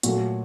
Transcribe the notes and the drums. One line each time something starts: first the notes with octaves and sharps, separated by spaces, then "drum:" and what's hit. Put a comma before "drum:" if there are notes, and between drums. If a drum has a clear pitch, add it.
A#2 F#3 A3 F#4, drum: hi-hat